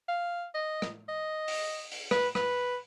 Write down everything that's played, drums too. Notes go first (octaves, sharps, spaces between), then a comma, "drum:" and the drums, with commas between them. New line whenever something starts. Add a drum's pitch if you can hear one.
F5
D#5
drum: rim click
D#5
drum: open hi-hat
drum: open hi-hat
B4, drum: rim click
B4, drum: rim click